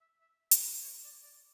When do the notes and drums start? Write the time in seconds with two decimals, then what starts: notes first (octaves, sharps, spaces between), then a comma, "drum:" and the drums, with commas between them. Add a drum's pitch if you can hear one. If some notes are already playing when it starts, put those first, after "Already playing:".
0.01 E5
0.21 E5
0.51 C#5, drum: hi-hat
0.63 B4
0.83 C#5
1.04 D5
1.23 D5